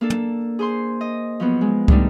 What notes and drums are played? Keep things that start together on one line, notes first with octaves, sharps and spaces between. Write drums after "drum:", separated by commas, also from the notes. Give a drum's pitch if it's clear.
A#3 D4 A4
drum: tom
G#4 C5 C6
D#5
F3 F#3 B3
G#3
D3 D#3 G3 A3 D4 D#4, drum: kick